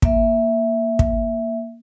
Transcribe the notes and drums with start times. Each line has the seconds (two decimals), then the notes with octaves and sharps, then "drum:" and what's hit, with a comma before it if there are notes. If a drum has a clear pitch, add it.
0.02 A#3 E5, drum: kick
0.99 drum: kick